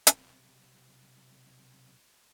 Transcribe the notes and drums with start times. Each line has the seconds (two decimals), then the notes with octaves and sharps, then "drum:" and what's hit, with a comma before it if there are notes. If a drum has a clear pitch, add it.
0.07 B1 C3, drum: hi-hat